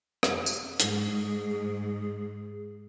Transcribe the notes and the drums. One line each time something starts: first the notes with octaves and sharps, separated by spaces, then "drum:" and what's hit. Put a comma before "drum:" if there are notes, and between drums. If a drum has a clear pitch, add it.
drum: rim click
drum: tambourine
G#2 G#4, drum: hi-hat